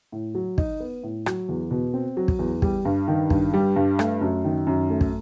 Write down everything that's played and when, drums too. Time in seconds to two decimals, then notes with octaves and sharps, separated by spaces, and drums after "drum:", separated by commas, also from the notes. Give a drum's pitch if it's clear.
0.12 A2
0.35 F#3
0.58 D#4, drum: kick
0.80 B3
1.03 A2
1.26 F#3, drum: rim click
1.49 E2
1.71 B2
1.94 C4
2.17 F#3
2.28 drum: kick
2.39 E2
2.62 G3, drum: kick
2.85 G2
3.08 D#3
3.30 G2, drum: kick
3.54 G3
3.76 G2
3.99 A3, drum: rim click
4.21 F#2
4.45 D#3
4.67 F#2
4.90 A3
5.01 drum: kick